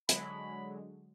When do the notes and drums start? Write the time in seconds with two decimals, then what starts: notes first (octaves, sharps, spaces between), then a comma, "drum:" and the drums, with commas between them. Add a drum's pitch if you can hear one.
0.09 D3 F#3 G#3 B5, drum: hi-hat